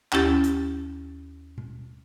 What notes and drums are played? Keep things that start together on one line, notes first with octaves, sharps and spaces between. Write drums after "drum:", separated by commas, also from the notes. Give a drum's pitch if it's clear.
D#2 C#4 E4 G4 A6, drum: clap
drum: hi-hat
drum: tom B2